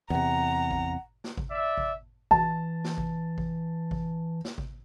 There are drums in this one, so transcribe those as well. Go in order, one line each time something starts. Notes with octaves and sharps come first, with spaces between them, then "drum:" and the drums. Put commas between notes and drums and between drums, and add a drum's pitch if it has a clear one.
E2 C3 F#5 A#5
drum: kick G#1
drum: snare
drum: kick G#1
D5 E5
drum: kick G#1
E3 A5, drum: kick G#1
drum: snare
drum: kick G#1
drum: kick G#1
drum: kick G#1
drum: snare
drum: kick G#1